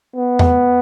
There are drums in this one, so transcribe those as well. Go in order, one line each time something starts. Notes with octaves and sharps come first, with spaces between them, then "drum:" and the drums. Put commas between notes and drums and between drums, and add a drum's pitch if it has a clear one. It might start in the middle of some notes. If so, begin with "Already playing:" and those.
B3
drum: tom E2